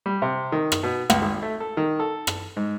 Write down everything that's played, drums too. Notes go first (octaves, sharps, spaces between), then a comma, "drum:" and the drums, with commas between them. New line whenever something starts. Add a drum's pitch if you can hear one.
G3
C3
D#3
drum: rim click
B2
C#2, drum: rim click
G#1
A3
A4
D#3
A4
drum: rim click
G#2